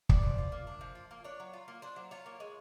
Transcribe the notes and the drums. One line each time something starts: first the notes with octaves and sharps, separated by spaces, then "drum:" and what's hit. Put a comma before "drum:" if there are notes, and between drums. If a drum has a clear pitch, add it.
D4 D5, drum: kick
F3
F4
A#3
D4
F3
F4
A#3
D4 C#5
F#3
F4
A#3
D4 C5
F#3
F4 C#5
A#3
G#3